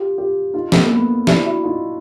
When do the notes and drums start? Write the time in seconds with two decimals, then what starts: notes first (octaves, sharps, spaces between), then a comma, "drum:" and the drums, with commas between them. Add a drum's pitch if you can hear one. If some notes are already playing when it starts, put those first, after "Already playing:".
Already playing: F4 G4
0.18 F4 G4
0.54 D#4 F4
0.72 A3 B3, drum: snare
0.83 A#3
0.91 A3 B3
1.27 D4 E4, drum: snare
1.45 E4 F#4
1.64 D#4 F4